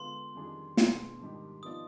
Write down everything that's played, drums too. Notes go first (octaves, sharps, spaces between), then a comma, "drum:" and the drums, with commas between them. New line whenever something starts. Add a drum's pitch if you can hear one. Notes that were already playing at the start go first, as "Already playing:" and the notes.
Already playing: D3 G#3 B3 F4 B4 C6
F2 D#3 G3 D4 G#4
B2 B3 D4 G#4, drum: snare
G#2 D#3 G3 D4 G4
F3 B3 D#4 B4 D5 D#6